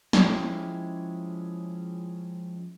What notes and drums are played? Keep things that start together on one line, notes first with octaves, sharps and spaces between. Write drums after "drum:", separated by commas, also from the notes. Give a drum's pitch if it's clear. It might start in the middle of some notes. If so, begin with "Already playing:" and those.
F3 G#3 C#4 E4 G4, drum: snare